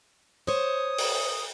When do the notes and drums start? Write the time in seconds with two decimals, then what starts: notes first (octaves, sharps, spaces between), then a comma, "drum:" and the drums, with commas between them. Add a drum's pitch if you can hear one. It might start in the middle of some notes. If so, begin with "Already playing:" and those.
0.47 C5 C#5 D#6
0.98 drum: open hi-hat